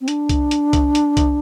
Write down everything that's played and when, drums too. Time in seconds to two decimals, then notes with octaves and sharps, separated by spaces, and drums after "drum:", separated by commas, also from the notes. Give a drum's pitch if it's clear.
0.01 C4
0.08 D4, drum: hi-hat
0.29 drum: kick C2, hi-hat
0.51 drum: hi-hat
0.73 drum: kick C2, hi-hat
0.95 drum: hi-hat
1.17 drum: kick C2, hi-hat